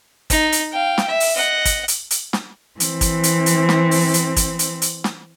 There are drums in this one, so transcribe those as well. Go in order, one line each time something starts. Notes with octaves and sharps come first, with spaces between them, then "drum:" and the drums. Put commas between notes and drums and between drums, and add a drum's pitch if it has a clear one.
D#4, drum: kick, hi-hat
drum: hi-hat
F5 G5
drum: snare
E5
drum: open hi-hat
D#5 F#5
drum: kick, hi-hat
drum: hi-hat
drum: hi-hat
drum: snare
E3 C4, drum: hi-hat
drum: kick, hi-hat
drum: hi-hat
drum: hi-hat
drum: snare
drum: open hi-hat
drum: hi-hat
drum: kick, hi-hat
drum: hi-hat
drum: hi-hat
drum: snare